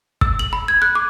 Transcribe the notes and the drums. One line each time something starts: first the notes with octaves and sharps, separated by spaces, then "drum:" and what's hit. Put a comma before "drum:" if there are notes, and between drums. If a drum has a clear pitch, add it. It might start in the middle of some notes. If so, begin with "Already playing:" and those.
E6, drum: kick
F#7
B5
G#6
F#6
D6